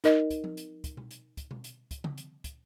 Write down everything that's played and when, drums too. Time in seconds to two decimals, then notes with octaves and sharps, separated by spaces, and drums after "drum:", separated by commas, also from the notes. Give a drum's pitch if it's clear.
0.04 D#4 A#4 D#5, drum: hi-hat
0.30 drum: kick, hi-hat
0.44 drum: tom F3
0.57 drum: hi-hat
0.84 drum: kick, hi-hat
0.97 drum: tom B2
1.11 drum: hi-hat
1.37 drum: kick, hi-hat
1.51 drum: tom B2
1.64 drum: hi-hat
1.91 drum: kick, hi-hat
2.04 drum: tom C#3
2.18 drum: hi-hat
2.44 drum: kick, hi-hat